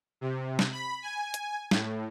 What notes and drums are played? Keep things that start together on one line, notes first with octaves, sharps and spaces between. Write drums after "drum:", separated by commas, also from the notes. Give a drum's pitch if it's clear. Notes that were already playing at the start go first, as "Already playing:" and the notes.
C3
drum: snare
B5
G#5
drum: hi-hat
A2, drum: snare